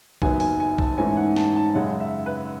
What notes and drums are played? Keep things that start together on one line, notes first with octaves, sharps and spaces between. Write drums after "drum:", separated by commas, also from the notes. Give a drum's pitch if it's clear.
F#1 F#2 D#3 F#3 B3 G#5, drum: kick B1
G#5, drum: open hi-hat
G#5
A5, drum: kick B1
G#2 E3 A3 C#4 G#5
F#5
A5, drum: snare
A5
F#2 C#3 G#3 F#5
E5
B4